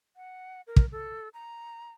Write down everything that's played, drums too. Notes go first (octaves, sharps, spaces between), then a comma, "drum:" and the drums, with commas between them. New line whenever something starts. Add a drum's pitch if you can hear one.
F#5
A#4
drum: kick
A4
A#5